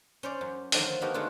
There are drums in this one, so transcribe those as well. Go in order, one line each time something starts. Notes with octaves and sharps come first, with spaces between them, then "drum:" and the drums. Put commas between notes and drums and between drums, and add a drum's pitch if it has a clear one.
C#4 C5 D5
F#2
D3 D#3 F3 F#3 A3 D4, drum: open hi-hat
B3 D#4 F#4 G4 A4 A#4
D3 G#3 A3 F4 F#4